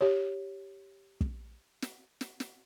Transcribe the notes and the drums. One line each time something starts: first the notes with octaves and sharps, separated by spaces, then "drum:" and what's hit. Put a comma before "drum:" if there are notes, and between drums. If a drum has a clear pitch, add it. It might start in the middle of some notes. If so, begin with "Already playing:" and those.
G4 C#5
drum: kick
drum: snare
drum: snare
drum: snare